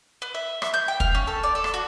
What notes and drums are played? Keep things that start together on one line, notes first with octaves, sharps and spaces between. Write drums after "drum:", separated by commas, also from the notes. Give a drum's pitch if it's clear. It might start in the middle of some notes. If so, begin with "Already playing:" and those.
B4
E5
E5, drum: rim click
G6
G5
F5, drum: kick
C#4
A4
D5
A4
drum: rim click
F#4